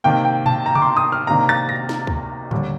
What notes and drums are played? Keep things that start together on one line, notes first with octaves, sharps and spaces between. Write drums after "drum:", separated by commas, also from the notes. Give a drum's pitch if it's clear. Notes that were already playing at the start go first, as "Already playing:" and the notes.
C3 D#3 A#3 G5
G5
A5, drum: tom A#2
A#5
D6, drum: tom C3
C6
D#6
F6
C3 D#3 A#3 D4 A#5
A6
A#6
drum: snare
drum: kick
D#2 D3 G3, drum: tom G#2